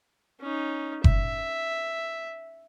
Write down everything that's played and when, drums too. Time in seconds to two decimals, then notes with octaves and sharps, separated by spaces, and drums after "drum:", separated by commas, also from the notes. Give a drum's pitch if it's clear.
0.41 C#4 D#4
1.04 E5, drum: kick F#1